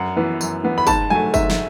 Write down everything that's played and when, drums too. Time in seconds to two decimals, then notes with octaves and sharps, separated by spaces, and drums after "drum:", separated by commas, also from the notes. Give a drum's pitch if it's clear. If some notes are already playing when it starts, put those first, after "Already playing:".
Already playing: F#2 F#5
0.17 E3 B3
0.41 F#2, drum: tambourine
0.64 E3 B3
0.78 B5
0.87 G#2 A5, drum: kick, tambourine
1.10 F#3 A3 G#5
1.34 G#2 E5, drum: kick, tambourine
1.50 drum: snare